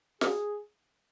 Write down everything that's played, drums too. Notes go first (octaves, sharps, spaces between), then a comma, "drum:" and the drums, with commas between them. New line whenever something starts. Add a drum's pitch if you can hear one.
G#4, drum: snare